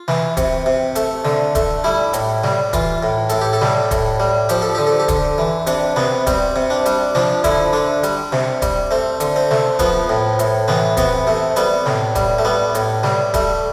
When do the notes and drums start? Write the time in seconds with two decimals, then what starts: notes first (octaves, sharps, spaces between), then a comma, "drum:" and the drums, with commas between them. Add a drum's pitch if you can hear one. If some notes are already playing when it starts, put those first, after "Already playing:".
Already playing: F4
0.08 E3, drum: snare
0.37 C3, drum: kick D#1, hi-hat
0.66 C3
0.96 A3, drum: hi-hat
1.25 D3, drum: snare
1.55 A3, drum: kick D#1, hi-hat
1.84 G3 E4
2.13 A2, drum: hi-hat
2.44 G3, drum: snare
2.73 E3 F4, drum: kick D#1, hi-hat
3.03 A2
3.29 A2 A4, drum: hi-hat
3.41 G4
3.53 A4
3.61 G3, drum: snare
3.91 A2, drum: kick D#1, hi-hat
4.20 G3
4.49 F3 G4, drum: hi-hat
4.62 A4
4.75 D3 G4
4.87 A4
5.00 G4
5.08 D3, drum: kick D#1, hi-hat
5.38 E3
5.67 C3 D4, drum: hi-hat
5.96 C3 B3, drum: snare
6.27 G3 C4, drum: kick D#1, hi-hat
6.56 C3
6.70 D4
6.86 G3, drum: hi-hat
7.15 F3 D4, drum: snare
7.44 D3 E4, drum: kick D#1, hi-hat
7.73 D3 D4
8.03 G3, drum: hi-hat
8.32 C3, drum: snare
8.62 G3, drum: kick D#1, hi-hat
8.91 A3 C4
9.20 D3, drum: hi-hat
9.36 C4
9.51 A3, drum: snare
9.79 F3 B3, drum: kick D#1, hi-hat
10.09 A2
10.39 A2, drum: hi-hat
10.68 E3 B3, drum: snare
10.97 C3 B3, drum: kick D#1, hi-hat
11.27 C3 A3
11.56 G3 B3, drum: hi-hat
11.86 A2, drum: snare
12.15 G3, drum: kick D#1, hi-hat
12.39 A3
12.45 G3 B3
12.75 A2, drum: hi-hat
13.04 G3, drum: snare
13.34 G3 A3, drum: kick D#1, hi-hat